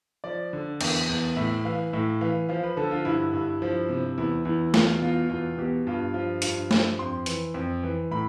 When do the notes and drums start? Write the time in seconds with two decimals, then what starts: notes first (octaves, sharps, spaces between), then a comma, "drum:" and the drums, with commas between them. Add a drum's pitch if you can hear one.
0.24 F3 D5
0.53 D3
0.81 E2, drum: cymbal
1.09 E2
1.36 A2 E5
1.65 E3 F5
1.93 A2 E5
2.21 E3 F5
2.49 F3 F5
2.63 B4
2.77 D3 A4
2.91 F4
3.05 G2 E4
3.33 G2
3.62 F3
3.89 C3
4.18 E2 E4
4.45 E2 E4
4.74 E2 F4, drum: snare
5.01 B2 F4
5.30 E2 F4
5.57 B2 G4
5.87 G2 F4
6.14 F3 F4
6.42 G2 F4, drum: hi-hat
6.71 F3, drum: snare
6.99 F2 C6
7.26 E3, drum: hi-hat
7.54 F2
7.83 E3
8.11 A2 B5